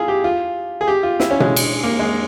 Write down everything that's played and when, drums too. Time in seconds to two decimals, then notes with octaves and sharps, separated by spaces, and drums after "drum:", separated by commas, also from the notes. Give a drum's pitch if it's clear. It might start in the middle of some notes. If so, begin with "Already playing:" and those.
Already playing: E4 F4 G#4
0.08 G4
0.24 F4
0.81 G#4
0.88 G4
1.03 F4
1.20 E4, drum: snare
1.31 C#4
1.40 G#3, drum: tom B2
1.56 drum: cymbal
1.83 A#3
1.99 G#3